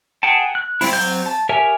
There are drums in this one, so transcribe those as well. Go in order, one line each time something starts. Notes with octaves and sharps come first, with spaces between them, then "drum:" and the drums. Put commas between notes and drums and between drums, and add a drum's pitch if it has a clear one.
G#4 F#5 G5 A5
F#6
G3 C4 E4, drum: open hi-hat
F#3 C4 G6
A5
G4 A#4 C#5 E5 G#5